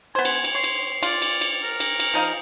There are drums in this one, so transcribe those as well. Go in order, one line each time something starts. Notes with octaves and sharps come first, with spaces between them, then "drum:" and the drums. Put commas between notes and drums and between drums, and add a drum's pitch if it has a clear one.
B3 C5 G#5
drum: cymbal
drum: cymbal
C#5 C6
drum: cymbal
F4 D5, drum: cymbal
drum: cymbal
drum: cymbal
A#4
drum: cymbal
drum: cymbal
F3 D#4 F5